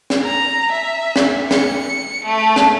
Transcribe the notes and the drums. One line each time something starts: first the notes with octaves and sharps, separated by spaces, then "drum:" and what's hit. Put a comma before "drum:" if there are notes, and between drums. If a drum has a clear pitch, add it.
drum: snare
A#5
E5
drum: snare
C#7, drum: snare
A3
drum: snare